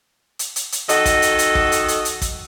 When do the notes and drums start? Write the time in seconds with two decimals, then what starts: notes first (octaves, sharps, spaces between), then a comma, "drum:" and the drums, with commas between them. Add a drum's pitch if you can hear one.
0.39 drum: hi-hat
0.56 drum: hi-hat
0.72 drum: hi-hat
0.89 D#3 F#4 A4 D#5, drum: hi-hat
1.06 drum: kick, hi-hat
1.22 drum: hi-hat
1.39 drum: hi-hat
1.55 drum: kick
1.72 drum: hi-hat
1.88 drum: hi-hat
2.05 drum: hi-hat
2.22 drum: kick, hi-hat